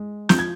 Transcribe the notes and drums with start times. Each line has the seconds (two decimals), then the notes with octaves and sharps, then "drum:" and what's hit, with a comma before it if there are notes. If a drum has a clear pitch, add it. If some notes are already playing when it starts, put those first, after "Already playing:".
Already playing: G#3
0.29 F3 G6, drum: snare
0.39 G#6